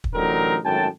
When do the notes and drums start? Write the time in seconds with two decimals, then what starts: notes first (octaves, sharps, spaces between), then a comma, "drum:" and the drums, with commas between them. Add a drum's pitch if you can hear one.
0.04 drum: kick
0.14 A1 D3 F#3 C4 D#4 A#4
0.64 G#1 F#2 A2 G5 A5